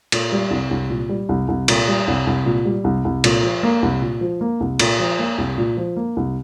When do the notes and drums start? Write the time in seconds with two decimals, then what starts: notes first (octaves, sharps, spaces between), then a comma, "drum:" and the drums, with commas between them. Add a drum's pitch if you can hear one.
0.12 A#2, drum: cymbal
0.32 G3
0.51 C2
0.71 C2
0.90 A#2
1.09 G3
1.29 C2
1.48 C2
1.68 A#2, drum: cymbal
1.88 G3
2.08 C2
2.27 C2
2.46 A#2
2.65 G3
2.84 C2
3.05 C2
3.24 A#2, drum: cymbal
3.43 F3
3.63 A#3
3.82 C2
4.02 A#2
4.21 F3
4.41 A#3
4.60 C2
4.79 A#2, drum: cymbal
5.00 F3
5.19 A#3
5.38 C2
5.58 A#2
5.77 F3
5.96 A#3
6.16 C2